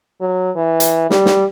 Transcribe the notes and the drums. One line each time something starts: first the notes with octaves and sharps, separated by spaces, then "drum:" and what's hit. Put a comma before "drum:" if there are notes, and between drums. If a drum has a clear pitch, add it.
F#3
E3
drum: hi-hat
G3, drum: snare
drum: snare